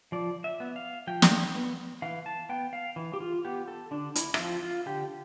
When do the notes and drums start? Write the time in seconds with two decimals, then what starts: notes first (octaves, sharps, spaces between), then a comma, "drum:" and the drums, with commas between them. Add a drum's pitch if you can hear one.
0.12 F3 D5
0.44 E5
0.60 B3
0.76 F5
1.07 F3 G5
1.22 drum: snare
1.55 B3
2.02 E3 F5
2.26 A5
2.49 B3 G5
2.73 F5
2.96 E3
3.14 G4
3.20 F4
3.45 B3 G4
3.68 A4
3.91 D3 D4
4.15 E4, drum: hi-hat
4.34 E4, drum: rim click
4.39 F3 C4 F4
4.63 F4
4.86 D3 G4